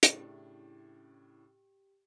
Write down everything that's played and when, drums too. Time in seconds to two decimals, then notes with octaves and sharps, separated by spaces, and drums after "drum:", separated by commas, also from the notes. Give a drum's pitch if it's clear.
0.03 A2 C#3 C#4 D4 E4 G4, drum: hi-hat